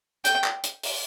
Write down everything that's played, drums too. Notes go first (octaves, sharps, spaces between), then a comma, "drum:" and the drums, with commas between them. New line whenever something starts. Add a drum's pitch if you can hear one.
G5, drum: hi-hat
drum: clap
drum: hi-hat
drum: open hi-hat